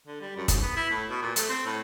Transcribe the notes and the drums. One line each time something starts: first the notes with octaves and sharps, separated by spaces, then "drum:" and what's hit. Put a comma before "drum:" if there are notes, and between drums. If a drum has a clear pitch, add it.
D3
G3
F#2
G#2, drum: kick, hi-hat
B3
E4
A2
B2
A#2
A3, drum: hi-hat
C4
A2